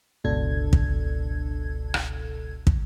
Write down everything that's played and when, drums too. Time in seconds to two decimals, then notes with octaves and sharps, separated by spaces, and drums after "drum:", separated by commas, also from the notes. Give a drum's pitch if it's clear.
0.24 G1 C#2 B2 D4 A4 G#6
0.73 drum: kick
1.94 drum: rim click
2.67 drum: kick